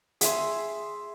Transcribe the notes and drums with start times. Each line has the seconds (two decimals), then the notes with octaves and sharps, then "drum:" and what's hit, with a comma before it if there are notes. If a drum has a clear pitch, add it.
0.21 G#4 E5 C6, drum: hi-hat